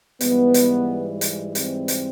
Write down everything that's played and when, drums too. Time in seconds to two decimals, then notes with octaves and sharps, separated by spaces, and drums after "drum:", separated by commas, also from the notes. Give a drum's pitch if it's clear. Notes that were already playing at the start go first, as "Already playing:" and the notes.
0.21 G#2 E3 G3 B3, drum: hi-hat
0.54 drum: hi-hat
1.21 drum: hi-hat
1.55 C4, drum: hi-hat
1.88 drum: hi-hat